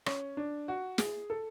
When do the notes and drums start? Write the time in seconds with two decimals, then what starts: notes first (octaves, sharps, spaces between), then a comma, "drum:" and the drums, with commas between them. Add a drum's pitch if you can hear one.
0.06 C#4, drum: rim click
0.37 D4
0.68 F#4
0.98 G#4, drum: snare
1.30 A4